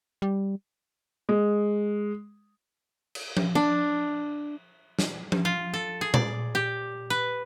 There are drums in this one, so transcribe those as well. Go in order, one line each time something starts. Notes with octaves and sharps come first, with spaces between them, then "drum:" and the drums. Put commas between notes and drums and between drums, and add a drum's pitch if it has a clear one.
G3
G#3
drum: cymbal
drum: tom F3
D4
drum: snare
drum: tom F3
F4
A4
G#4
D5, drum: tom A#2
G4
B4